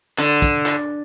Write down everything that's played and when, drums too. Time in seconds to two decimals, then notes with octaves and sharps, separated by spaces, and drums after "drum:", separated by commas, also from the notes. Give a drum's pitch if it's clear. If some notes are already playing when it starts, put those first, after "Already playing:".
0.18 D3, drum: clap
0.42 drum: kick, hi-hat
0.66 drum: clap